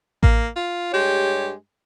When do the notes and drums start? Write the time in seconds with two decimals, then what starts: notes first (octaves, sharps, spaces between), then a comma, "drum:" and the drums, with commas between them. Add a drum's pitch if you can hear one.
0.23 A#3, drum: kick A1
0.56 F4
0.93 G2 G#3 G4 C#5